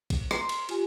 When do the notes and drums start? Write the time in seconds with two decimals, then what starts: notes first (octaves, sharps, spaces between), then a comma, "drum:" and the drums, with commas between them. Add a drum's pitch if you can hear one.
0.10 drum: kick, cymbal
0.31 A#5 C6, drum: rim click
0.49 drum: cymbal
0.69 F4 G4 G#5, drum: cymbal